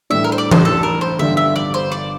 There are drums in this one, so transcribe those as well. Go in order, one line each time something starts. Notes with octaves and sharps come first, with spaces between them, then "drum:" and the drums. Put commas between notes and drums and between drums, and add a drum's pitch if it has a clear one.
A2 E3 G3 D4 E5
A#4
C5
D5
C5, drum: tom E3
A4
A#4
C5
G1 G2 D3 G3 E5
E5
D5
C5
D5